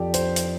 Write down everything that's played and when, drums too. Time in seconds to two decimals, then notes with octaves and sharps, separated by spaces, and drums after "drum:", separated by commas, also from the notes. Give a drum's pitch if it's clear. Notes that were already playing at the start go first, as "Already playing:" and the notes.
Already playing: F2 F3 G4 A4 D5
0.14 C5, drum: hi-hat
0.36 drum: hi-hat